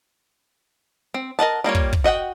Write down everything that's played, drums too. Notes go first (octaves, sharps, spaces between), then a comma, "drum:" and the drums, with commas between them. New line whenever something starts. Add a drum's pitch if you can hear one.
C4
A#4 D#5 F#5 A5
G3 A#3 F4 C#5
drum: kick
drum: kick
F#4 D#5 F#5 G5